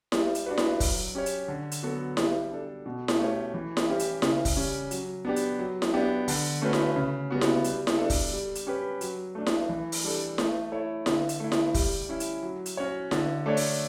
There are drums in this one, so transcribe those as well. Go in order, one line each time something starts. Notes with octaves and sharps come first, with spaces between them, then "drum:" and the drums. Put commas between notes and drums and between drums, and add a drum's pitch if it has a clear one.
G3, drum: snare E4
drum: hi-hat
D4 F#4 B4
drum: snare E4
F#3, drum: kick, open hi-hat
C#4 G4 C#5
drum: hi-hat
D3
drum: hi-hat
F#3 B3 F#4 A4
G3, drum: snare E4
D4 A4
B2
drum: snare E4
A3 C#4 G4 C#5
E3
drum: snare E4
G3 C#4 G4
drum: hi-hat
C#3, drum: snare E4
drum: kick, open hi-hat
G3 C#4
F#3, drum: hi-hat
B3 D4 G4
drum: hi-hat
F#3
drum: snare E4
B3 D4 G4
D3, drum: open hi-hat
A3 C#4 F#4 B4
drum: snare E4
C#3
G3 B3 F#4
drum: snare E4
G3, drum: hi-hat
drum: snare E4
D4 A4
drum: kick, open hi-hat
G3
drum: hi-hat
C#4 G4 B4
F#3, drum: hi-hat
A3 D4
drum: snare E4
E3
drum: open hi-hat
G3 D4 A4
A3, drum: snare E4
E4 A4 C#5
D3, drum: snare E4
drum: hi-hat
A3 E4
drum: snare E4
G3, drum: kick, open hi-hat
C#4 E4
drum: hi-hat
F#3
drum: hi-hat
C#4 F#4 C#5
D3, drum: snare E4
A3 D4 A4 C#5
drum: open hi-hat